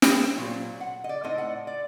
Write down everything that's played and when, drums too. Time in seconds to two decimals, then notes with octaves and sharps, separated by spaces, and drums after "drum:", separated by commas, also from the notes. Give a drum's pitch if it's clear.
0.02 drum: snare
0.38 A#2 F#3 C4
0.80 F#5
1.04 D#5
1.09 D5
1.23 A2 A3 C4 D#4 D#5
1.38 F#5
1.67 D5